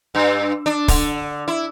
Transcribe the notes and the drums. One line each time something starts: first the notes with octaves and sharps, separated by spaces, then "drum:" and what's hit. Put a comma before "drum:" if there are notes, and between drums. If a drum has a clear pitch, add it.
G2
D4
D3, drum: kick, open hi-hat
E4